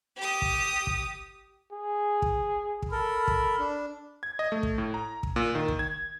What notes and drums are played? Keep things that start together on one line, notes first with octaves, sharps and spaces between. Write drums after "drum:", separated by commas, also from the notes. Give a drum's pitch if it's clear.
G4 D#6
drum: kick
drum: kick
G#4
drum: kick
drum: kick
A4 A#4 B5
drum: kick
D4
G#6
D#5
A3
drum: kick
A2
A#5
drum: kick
A#2
D#3
drum: kick
G#6